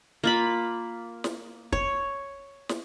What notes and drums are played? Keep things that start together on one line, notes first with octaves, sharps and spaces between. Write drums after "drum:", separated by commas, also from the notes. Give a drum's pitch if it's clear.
A#3 F4 B5
drum: snare
C#5, drum: kick
drum: snare